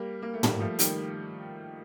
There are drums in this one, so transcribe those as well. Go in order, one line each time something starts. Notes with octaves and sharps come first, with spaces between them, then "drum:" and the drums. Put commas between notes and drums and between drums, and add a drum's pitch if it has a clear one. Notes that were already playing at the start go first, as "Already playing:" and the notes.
Already playing: G3 A#3
A#3
A3
G3 A#3, drum: tom
F3 A3
D#3 G3, drum: hi-hat